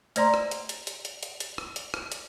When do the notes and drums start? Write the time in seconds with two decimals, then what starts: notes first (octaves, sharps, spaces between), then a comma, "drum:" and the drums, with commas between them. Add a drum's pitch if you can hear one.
0.16 A3 C5 D5 A#5 C6, drum: hi-hat
0.34 drum: rim click
0.51 drum: hi-hat
0.69 drum: hi-hat
0.87 drum: hi-hat
1.05 drum: hi-hat
1.23 drum: hi-hat
1.40 drum: hi-hat
1.58 drum: rim click
1.76 drum: hi-hat
1.94 drum: rim click
2.12 drum: hi-hat